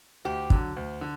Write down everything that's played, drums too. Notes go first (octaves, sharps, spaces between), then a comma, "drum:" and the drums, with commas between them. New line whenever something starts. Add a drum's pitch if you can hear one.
D2 G4
D3 F#3, drum: kick
D2
D3